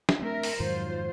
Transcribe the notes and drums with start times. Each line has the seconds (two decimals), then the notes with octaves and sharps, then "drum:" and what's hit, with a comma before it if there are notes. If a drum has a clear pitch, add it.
0.09 drum: snare
0.19 A3 C4 D4 A#4 E5
0.43 drum: open hi-hat
0.60 F2 G#2 D#3 F#3 F4 C5